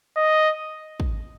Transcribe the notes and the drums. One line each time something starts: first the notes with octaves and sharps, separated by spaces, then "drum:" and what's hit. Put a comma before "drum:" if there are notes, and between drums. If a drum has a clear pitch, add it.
D#5
drum: kick